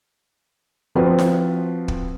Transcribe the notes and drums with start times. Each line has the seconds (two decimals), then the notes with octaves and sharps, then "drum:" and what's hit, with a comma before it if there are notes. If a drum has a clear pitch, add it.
0.95 F3 C4 F4 F#4 B4
1.19 drum: snare E4
1.88 drum: kick